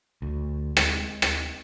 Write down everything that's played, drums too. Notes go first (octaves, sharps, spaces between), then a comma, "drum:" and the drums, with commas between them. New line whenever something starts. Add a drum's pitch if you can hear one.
D2
G#3, drum: rim click
drum: rim click